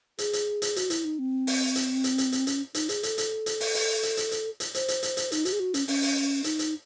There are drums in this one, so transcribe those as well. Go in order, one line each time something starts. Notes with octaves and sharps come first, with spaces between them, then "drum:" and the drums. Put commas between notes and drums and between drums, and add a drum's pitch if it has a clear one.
G#4, drum: hi-hat
drum: hi-hat
drum: hi-hat
F#4, drum: hi-hat
E4, drum: hi-hat
D#4
C4
drum: open hi-hat
drum: hi-hat
drum: hi-hat
drum: hi-hat
drum: hi-hat
C#4, drum: hi-hat
D#4, drum: hi-hat
G#4, drum: hi-hat
A4, drum: hi-hat
drum: hi-hat
drum: hi-hat
drum: open hi-hat
drum: open hi-hat
drum: hi-hat
drum: hi-hat
drum: hi-hat
drum: hi-hat
C5, drum: hi-hat
drum: hi-hat
drum: hi-hat
drum: hi-hat
D#4, drum: hi-hat
F#4, drum: hi-hat
G#4
F#4
C#4, drum: hi-hat
C#4, drum: open hi-hat
drum: open hi-hat
D#4, drum: hi-hat
drum: hi-hat